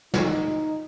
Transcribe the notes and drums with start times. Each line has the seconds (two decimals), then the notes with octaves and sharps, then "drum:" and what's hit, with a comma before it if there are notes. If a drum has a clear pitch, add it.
0.14 D#4, drum: snare